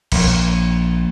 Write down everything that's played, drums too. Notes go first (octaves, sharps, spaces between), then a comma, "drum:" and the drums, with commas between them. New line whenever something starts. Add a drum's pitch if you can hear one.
A#1, drum: cymbal